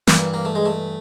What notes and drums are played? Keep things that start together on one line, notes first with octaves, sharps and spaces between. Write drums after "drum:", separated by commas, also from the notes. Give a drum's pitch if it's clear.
G2 E3 A#3, drum: snare
A#3
A3
G#3
A3